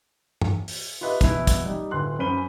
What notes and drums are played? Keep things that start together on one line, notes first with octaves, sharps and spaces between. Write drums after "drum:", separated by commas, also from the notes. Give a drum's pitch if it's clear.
drum: tom G2
drum: open hi-hat
F4 G4 B4 D#5 E5
E2 B2 B3 E4, drum: kick, hi-hat
drum: kick, hi-hat
G3 D#4
D1 D2 C6 F#6
F#2 C#4 C5 B5 D#7 G7